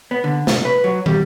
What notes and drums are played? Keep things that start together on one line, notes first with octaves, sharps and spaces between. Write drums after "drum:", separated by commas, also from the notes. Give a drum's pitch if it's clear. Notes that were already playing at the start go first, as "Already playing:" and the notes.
B3
D3
C2, drum: snare
B4
F#3
G3, drum: tom